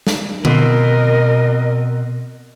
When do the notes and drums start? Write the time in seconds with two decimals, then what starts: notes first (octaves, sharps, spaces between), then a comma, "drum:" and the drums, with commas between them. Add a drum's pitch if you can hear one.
0.07 drum: snare
0.45 B2 C4 A#4 D#5, drum: tom D3